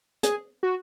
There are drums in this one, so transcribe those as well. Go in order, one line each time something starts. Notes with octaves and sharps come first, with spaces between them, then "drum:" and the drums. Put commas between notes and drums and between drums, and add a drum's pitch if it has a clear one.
G#4, drum: hi-hat
F#4